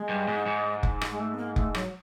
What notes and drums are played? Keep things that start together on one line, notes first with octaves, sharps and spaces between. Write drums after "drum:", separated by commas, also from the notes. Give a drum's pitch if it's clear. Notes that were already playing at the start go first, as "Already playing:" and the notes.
Already playing: G#3
G2
G#2
G#2
drum: kick F1
drum: rim click
G#3
A3
B3
A#3
A3, drum: kick F1
F#3, drum: rim click